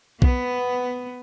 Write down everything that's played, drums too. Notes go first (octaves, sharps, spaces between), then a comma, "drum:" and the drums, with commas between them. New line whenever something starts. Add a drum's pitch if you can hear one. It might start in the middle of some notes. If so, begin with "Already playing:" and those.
B3, drum: kick B1